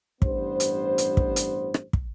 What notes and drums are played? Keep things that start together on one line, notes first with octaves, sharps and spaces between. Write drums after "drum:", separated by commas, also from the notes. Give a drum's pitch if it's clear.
A1 G2 B3 C5, drum: kick
drum: hi-hat
drum: hi-hat
drum: kick
drum: hi-hat
drum: rim click
drum: kick